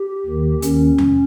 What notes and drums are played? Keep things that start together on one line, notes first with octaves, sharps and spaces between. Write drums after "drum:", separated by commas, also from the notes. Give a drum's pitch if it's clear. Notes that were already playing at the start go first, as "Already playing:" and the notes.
Already playing: G4
D#2 D#3
D#2 D#3 C#4, drum: hi-hat
drum: tom E2